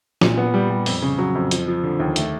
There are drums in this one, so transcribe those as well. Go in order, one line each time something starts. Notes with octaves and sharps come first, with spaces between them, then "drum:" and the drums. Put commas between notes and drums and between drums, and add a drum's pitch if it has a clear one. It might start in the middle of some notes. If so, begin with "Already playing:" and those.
A#2, drum: snare
B3
G3
G3
F2, drum: open hi-hat
C#3
F#3
F2
F3, drum: hi-hat
F3
D3
D#2
A3, drum: hi-hat